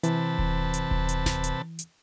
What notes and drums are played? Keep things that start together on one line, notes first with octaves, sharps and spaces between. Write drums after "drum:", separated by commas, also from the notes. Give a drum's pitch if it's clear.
C3 E3 B4 A5, drum: hi-hat
drum: kick D#1
drum: hi-hat
drum: kick D#1
drum: hi-hat
drum: snare D#1
drum: hi-hat
drum: hi-hat